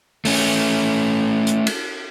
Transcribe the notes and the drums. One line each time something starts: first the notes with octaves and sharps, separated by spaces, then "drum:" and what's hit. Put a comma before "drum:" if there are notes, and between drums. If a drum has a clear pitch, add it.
A3 C#4, drum: open hi-hat
drum: hi-hat
drum: cymbal